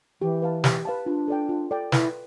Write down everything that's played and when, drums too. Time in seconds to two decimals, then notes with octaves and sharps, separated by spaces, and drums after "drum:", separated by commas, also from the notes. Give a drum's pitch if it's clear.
0.21 E3 G4
0.42 B4 F5 A5
0.64 G4, drum: snare
0.85 B4 F5 A5
1.06 D4 F4
1.28 A4 D5 G5
1.49 F4
1.71 A4 D5 G5
1.92 E4 B4, drum: snare